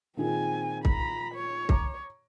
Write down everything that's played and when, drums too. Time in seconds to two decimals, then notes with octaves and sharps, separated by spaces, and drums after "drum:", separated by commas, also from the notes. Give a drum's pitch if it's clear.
0.17 A#2 D#3 C4 G#4 G#5
0.85 A#5 B5, drum: kick C2
1.34 C#5
1.69 A#5 D6, drum: kick C2